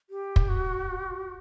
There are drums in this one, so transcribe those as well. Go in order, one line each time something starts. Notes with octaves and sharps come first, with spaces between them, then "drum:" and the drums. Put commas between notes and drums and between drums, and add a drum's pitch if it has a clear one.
G4
drum: kick
F#4